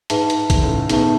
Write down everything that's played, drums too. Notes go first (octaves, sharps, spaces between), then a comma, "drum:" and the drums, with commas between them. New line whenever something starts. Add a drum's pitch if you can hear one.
G#2 D#4 G#4 B4 E5 A5, drum: hi-hat
drum: hi-hat
drum: kick, hi-hat
A2 C#3
B2 D#3 D#4 G#4 B4 E5 A5, drum: hi-hat